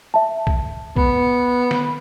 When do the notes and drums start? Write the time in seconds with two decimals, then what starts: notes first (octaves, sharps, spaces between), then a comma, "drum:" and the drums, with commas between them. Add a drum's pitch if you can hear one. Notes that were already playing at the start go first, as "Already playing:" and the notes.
0.14 E5 A5
0.47 drum: kick
0.97 B3, drum: kick
1.71 drum: snare